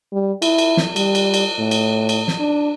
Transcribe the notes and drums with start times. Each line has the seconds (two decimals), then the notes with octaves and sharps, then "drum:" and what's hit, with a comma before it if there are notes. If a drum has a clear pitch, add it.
0.13 G3
0.42 E4, drum: cymbal
0.58 drum: cymbal
0.77 drum: snare
0.96 G3, drum: cymbal
1.15 drum: cymbal
1.34 drum: cymbal
1.59 A2
1.71 drum: cymbal
2.09 drum: cymbal
2.28 drum: snare
2.40 D4